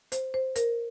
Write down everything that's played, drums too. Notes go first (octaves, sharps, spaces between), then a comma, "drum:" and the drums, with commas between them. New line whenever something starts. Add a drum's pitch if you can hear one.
C5, drum: hi-hat
C5
A#4, drum: hi-hat